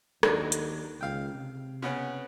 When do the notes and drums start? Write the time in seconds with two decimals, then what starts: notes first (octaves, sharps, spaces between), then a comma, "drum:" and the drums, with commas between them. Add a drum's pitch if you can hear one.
0.23 D#2 F#3 D4 D#4, drum: rim click
0.52 drum: hi-hat
1.01 C#2 F5 G5
1.34 C3
1.82 C#3 B3 C#4